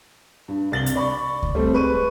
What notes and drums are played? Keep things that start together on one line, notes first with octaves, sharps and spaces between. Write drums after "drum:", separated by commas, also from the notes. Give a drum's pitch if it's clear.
G2
C2 A6 F#7 G7
drum: hi-hat
D5 B5 C#6
drum: kick C#2
G3 A3 C4
G#3 B4 C#6 D#7